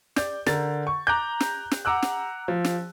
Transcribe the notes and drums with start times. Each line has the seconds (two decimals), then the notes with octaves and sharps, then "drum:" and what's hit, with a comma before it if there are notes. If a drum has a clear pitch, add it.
0.16 D5 G6, drum: snare
0.46 D3 A#4 A6, drum: snare
0.87 C#6
1.07 A#5 D6 F#6 G6
1.40 drum: snare
1.71 drum: snare
1.85 F#5 A#5 D6 E6 F#6
2.02 drum: snare
2.48 F3
2.65 drum: snare